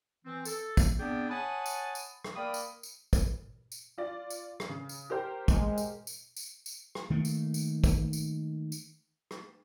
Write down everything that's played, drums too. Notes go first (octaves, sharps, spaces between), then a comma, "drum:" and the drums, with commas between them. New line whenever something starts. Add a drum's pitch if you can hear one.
E3 C4
A4, drum: tambourine
drum: kick, tambourine
B3 C4 D4 G#4 D5 G5
C#5 F#5 G#5 A5 B5 D#6
drum: tambourine
drum: tambourine
drum: rim click
A#3 A#4 D5 G5 B5 D#6
drum: tambourine
drum: tambourine
drum: kick, tambourine
drum: tambourine
F4 D5
drum: tambourine
drum: rim click
C#3
drum: tambourine
G4 A#4 C5
G#3, drum: kick, tambourine
drum: tambourine
drum: tambourine
drum: tambourine
drum: tambourine
drum: rim click
D#3 A3 A#3
drum: tambourine
drum: tambourine
drum: kick, tambourine
drum: tambourine
drum: tambourine
drum: rim click